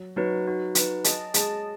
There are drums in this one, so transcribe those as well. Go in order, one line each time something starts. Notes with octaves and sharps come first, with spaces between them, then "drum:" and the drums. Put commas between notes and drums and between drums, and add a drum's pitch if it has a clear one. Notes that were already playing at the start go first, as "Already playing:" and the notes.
Already playing: F#3
F#3 D#4 F#4 B4
D#4 F#4 B4
D#4 F#4 B4, drum: hi-hat
G#4 D#5 A5, drum: hi-hat
G#3 G#4 D#5 A5, drum: hi-hat